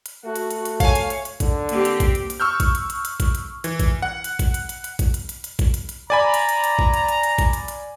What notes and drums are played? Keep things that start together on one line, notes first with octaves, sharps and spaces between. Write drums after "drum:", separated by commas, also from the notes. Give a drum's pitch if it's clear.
drum: hi-hat
A3 F#4
drum: hi-hat
drum: hi-hat
drum: hi-hat
C#5 F5 G#5, drum: kick, hi-hat
drum: hi-hat
drum: hi-hat
drum: hi-hat
D3, drum: kick, hi-hat
A#3 C4 G4, drum: hi-hat
drum: hi-hat
drum: kick, hi-hat
drum: hi-hat
drum: hi-hat
C#6 E6 F6 G6
drum: kick, hi-hat
drum: hi-hat
drum: hi-hat
drum: hi-hat
drum: kick, hi-hat
drum: hi-hat
E3, drum: hi-hat
drum: kick, hi-hat
F#5
drum: hi-hat
drum: kick, hi-hat
drum: hi-hat
drum: hi-hat
drum: hi-hat
drum: kick, hi-hat
drum: hi-hat
drum: hi-hat
drum: hi-hat
drum: kick, hi-hat
drum: hi-hat
drum: hi-hat
D5 G#5 A#5 B5
drum: hi-hat
drum: hi-hat
drum: hi-hat
drum: kick
drum: hi-hat
drum: hi-hat
drum: hi-hat
drum: kick, hi-hat
drum: hi-hat
drum: hi-hat